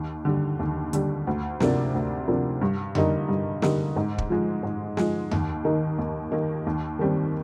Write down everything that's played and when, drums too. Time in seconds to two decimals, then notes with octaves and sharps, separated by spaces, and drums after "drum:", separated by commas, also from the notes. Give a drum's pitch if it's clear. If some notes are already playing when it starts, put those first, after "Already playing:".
Already playing: D#2
0.25 D3 G3
0.59 D#2
0.93 D3 G3, drum: hi-hat
1.27 D2
1.60 C3 F3 A#3 D4, drum: snare
1.94 D2
2.28 C3 F3 A#3 D4
2.61 G2
2.95 D3 G3 A#3 D#4, drum: tom F2
3.29 G2
3.62 D3 G3 A#3 D#4, drum: snare
3.96 G#2
4.18 drum: kick
4.30 F3 G#3
4.63 G#2
4.97 F3 G#3, drum: snare
5.31 D#2, drum: tom F2
5.64 D#3 A#3 D#4
5.98 D#2
6.32 D#3 A#3 D#4
6.66 D#2
6.99 D#3 G3 C4